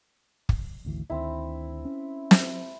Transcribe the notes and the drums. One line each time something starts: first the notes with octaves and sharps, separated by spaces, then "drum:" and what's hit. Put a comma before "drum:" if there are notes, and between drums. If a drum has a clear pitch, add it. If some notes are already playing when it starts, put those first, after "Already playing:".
drum: kick
G#1 D2 E3
D2 D3 D#3 C4 E4
C#4
drum: snare